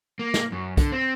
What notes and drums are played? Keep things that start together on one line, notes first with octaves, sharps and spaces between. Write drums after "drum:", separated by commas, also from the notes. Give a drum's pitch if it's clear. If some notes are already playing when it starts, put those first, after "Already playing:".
A#3
drum: snare
F#2
D3, drum: kick, hi-hat
C4